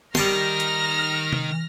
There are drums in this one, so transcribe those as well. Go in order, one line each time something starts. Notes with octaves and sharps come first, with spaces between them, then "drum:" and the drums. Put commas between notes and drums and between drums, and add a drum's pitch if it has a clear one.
D#3 G3 A5 C6 F6 A#6, drum: snare
drum: hi-hat
drum: tom C3